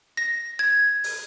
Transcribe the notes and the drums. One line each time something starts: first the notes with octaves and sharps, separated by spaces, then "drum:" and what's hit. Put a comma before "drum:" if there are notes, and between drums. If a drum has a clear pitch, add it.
A#6
G#6
drum: open hi-hat